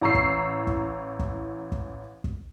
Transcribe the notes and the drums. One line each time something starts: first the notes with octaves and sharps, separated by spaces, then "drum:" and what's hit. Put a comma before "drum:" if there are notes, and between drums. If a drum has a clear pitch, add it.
A1 E3 A#5 C#6 E6 C7
drum: kick
drum: kick
drum: kick
drum: kick
drum: kick